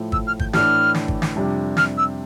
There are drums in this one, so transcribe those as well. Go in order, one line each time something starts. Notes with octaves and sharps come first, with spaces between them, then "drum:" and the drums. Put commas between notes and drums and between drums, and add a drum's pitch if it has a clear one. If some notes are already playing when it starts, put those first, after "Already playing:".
Already playing: A2 F3 A3
E6, drum: kick
F6
G6, drum: kick
A2 E3 A3 D4 F6, drum: snare
drum: snare
drum: kick
drum: snare
F2 C3 G3 D4
F6, drum: snare
E6